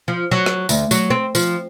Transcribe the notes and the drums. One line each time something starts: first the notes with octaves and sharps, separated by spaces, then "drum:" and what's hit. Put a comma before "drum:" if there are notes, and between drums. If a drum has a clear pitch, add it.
F3
F#3
drum: rim click
D2, drum: tambourine
F#3, drum: tambourine
C4
F3, drum: tambourine